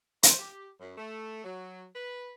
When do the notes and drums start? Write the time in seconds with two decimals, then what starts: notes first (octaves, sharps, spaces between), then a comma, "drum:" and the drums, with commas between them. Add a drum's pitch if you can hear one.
0.23 C5, drum: hi-hat
0.39 G4
0.80 F#2
0.98 A3
1.43 F#3
1.95 B4